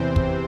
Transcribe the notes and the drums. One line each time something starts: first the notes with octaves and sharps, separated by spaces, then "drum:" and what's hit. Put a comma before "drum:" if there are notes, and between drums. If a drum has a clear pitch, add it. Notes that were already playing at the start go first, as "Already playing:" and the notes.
Already playing: E2 C3 E3 C4 C5
drum: kick